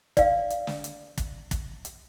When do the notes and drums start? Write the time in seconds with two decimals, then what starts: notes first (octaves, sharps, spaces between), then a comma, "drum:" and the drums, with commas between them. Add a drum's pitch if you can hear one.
0.17 D5 F5, drum: kick, hi-hat
0.50 drum: hi-hat
0.67 drum: snare
0.84 drum: hi-hat
1.18 drum: kick, hi-hat
1.51 drum: kick, hi-hat
1.85 drum: hi-hat